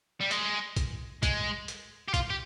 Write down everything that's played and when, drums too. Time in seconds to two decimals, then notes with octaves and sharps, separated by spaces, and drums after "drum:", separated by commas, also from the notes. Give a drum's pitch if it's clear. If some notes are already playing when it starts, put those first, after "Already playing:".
0.21 G3
0.31 G#3, drum: hi-hat
0.76 drum: kick, hi-hat
1.23 G#3, drum: kick, hi-hat
1.68 drum: hi-hat
2.08 G4
2.14 F4, drum: kick, hi-hat
2.30 G4